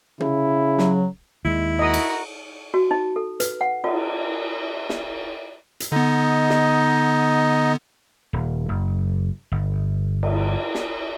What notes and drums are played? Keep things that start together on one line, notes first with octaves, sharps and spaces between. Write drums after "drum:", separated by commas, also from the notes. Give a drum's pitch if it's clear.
C#3 E4, drum: tom
F#3, drum: snare
D#2 G#3 E4
F#4 A#4 D#5 D#6
drum: cymbal
F#4
D#4
A4
B4, drum: hi-hat
F#5
F4, drum: cymbal
drum: snare
drum: hi-hat
D3 B3 D#4 D#5
drum: snare
D#1
F#1
G1
drum: cymbal
drum: snare